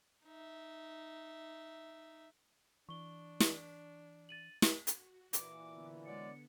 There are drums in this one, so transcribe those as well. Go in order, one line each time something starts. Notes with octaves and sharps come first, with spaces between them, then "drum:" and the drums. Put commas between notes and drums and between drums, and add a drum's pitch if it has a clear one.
D#4 E5
E3 D4 C#6 G7
drum: snare
A6 D#7 F#7
drum: snare
F#4, drum: hi-hat
A#2 E3 D6, drum: hi-hat
D3 B3
F#3 G#3 D5 C#7